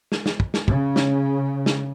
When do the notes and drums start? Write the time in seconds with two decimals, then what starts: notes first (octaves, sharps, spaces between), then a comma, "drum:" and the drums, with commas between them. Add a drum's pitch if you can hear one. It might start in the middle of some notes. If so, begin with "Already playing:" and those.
0.12 drum: snare
0.26 drum: snare
0.40 drum: kick
0.54 drum: snare
0.68 C#3, drum: kick
0.96 drum: snare
1.66 drum: snare